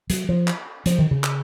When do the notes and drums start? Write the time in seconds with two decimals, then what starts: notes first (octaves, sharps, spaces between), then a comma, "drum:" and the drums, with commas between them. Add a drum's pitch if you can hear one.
0.10 F#3, drum: hi-hat
0.29 F3
0.48 drum: clap
0.86 F3, drum: hi-hat
0.99 D#3
1.11 C#3
1.24 drum: clap